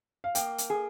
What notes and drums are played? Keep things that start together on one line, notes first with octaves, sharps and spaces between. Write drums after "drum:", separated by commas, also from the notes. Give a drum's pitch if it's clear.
F5
A#3 G5, drum: hi-hat
drum: hi-hat
G#4